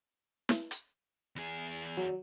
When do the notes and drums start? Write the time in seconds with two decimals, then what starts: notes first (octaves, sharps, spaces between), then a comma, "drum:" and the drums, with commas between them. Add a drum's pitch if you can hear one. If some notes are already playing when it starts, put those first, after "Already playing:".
0.49 drum: snare
0.71 drum: hi-hat
1.36 E2 G#4
1.97 F#3